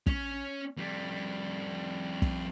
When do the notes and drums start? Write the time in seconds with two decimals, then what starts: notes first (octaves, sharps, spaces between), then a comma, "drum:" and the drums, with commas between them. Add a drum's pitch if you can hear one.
0.07 C#4 C#5, drum: kick
0.77 F2 G3
2.22 drum: kick